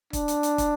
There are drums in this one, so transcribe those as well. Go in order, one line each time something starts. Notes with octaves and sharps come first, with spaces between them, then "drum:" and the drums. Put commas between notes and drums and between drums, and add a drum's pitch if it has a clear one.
D4, drum: kick, hi-hat
drum: hi-hat
drum: hi-hat
drum: kick, hi-hat